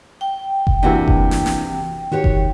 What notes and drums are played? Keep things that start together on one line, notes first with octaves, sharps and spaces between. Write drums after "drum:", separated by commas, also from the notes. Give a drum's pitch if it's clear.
G5
drum: kick F#1
C3 E3 A#3 D4 F#4
drum: kick F#1
drum: snare
drum: snare
D#3 F#4 G4 C#5
drum: kick F#1